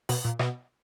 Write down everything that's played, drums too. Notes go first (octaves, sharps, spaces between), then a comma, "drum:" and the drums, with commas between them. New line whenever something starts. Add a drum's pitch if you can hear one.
B2, drum: open hi-hat
A#2
B2, drum: rim click